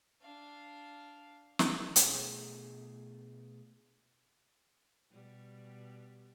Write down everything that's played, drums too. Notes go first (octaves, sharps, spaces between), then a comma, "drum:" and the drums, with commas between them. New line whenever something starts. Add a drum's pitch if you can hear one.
D4 F5
drum: snare
B2 A3 D4 F4 G#4, drum: hi-hat
B2 G3